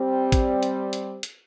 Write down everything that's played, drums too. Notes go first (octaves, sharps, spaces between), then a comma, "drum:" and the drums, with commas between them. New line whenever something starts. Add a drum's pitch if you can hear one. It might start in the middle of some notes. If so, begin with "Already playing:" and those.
Already playing: G3 C4
drum: kick A1, hi-hat
drum: hi-hat
drum: hi-hat
drum: hi-hat